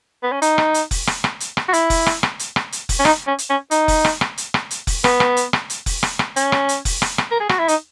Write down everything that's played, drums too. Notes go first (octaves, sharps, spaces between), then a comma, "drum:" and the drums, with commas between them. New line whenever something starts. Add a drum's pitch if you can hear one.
B3
C#4
D#4, drum: hi-hat
drum: rim click
drum: hi-hat
drum: kick F1, open hi-hat
drum: rim click
drum: rim click
drum: hi-hat
drum: rim click
F#4
E4, drum: hi-hat
drum: kick F1, open hi-hat
drum: rim click
drum: rim click
drum: hi-hat
drum: rim click
drum: hi-hat
drum: kick F1, open hi-hat
C#4
D#4, drum: rim click
C#4
drum: hi-hat
C#4
D#4, drum: hi-hat
drum: kick F1, open hi-hat
drum: rim click
drum: rim click
drum: hi-hat
drum: rim click
drum: hi-hat
drum: kick F1, open hi-hat
B3, drum: rim click
drum: rim click
drum: hi-hat
drum: rim click
drum: hi-hat
drum: kick F1, open hi-hat
drum: rim click
drum: rim click
C#4, drum: hi-hat
drum: rim click
drum: hi-hat
drum: kick F1, open hi-hat
drum: rim click
drum: rim click
A#4
G#4
F#4, drum: rim click
E4
D#4, drum: hi-hat